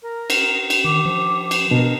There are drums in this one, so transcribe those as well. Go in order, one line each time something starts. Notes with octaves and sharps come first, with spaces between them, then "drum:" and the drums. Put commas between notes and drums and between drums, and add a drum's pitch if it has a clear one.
A#4
drum: cymbal
drum: cymbal
D#3 D6
F3
drum: cymbal
B2 D4 A#4